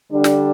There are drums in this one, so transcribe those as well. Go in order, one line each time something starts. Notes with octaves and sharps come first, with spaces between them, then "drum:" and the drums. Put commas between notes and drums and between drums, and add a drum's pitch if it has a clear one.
D3 G3 D4
drum: snare